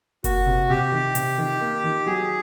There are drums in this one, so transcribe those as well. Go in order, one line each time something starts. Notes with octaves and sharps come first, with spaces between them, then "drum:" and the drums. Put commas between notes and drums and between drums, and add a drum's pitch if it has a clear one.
A#3 F#4, drum: kick F#1, hi-hat
C3
C3 G4
D#3
C3, drum: hi-hat
D#3
A#3
D#3
F#3 G#4